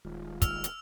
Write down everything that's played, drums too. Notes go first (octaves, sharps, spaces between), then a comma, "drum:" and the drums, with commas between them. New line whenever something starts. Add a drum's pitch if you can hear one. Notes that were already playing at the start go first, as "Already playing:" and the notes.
D#1 D#3 G#3 F4
E6 F6 F7, drum: kick, hi-hat
drum: hi-hat